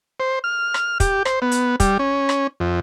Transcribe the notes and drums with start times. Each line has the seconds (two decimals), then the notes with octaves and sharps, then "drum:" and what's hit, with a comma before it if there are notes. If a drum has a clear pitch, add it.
0.20 C5
0.44 F6
0.74 drum: rim click
1.00 G4, drum: kick, hi-hat
1.25 C5, drum: rim click
1.42 B3
1.52 drum: hi-hat
1.80 G3, drum: kick, hi-hat
1.99 C#4
2.29 drum: rim click
2.60 F2